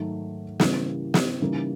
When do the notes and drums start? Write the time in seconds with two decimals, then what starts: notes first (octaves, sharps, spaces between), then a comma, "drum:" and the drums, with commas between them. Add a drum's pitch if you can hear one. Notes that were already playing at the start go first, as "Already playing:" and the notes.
Already playing: G#2 D#3 F#3 A3
0.60 C#3 E3 G3 A#3, drum: snare
1.14 drum: snare
1.41 C#3 E3 G3 A#3 D#4